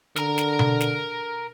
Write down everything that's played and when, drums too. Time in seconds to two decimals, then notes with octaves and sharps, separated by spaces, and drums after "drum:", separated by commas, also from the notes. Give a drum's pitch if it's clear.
0.16 D3 A#4 A#5, drum: snare
0.38 drum: snare
0.59 drum: tom B2
0.80 drum: snare